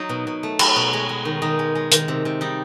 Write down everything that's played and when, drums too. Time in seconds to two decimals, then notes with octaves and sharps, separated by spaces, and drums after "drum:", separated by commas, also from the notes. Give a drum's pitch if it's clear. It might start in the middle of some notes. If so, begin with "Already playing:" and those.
Already playing: F#3 D#4
0.09 B2
0.27 B2
0.43 A3
0.59 F#3, drum: cymbal
0.76 B2
0.93 G#3
1.09 G#3
1.25 D#3
1.42 D#3 D#4
1.59 G#3
1.75 G#3
1.92 D#3, drum: hi-hat
2.08 C3
2.25 C3
2.41 G3 D#4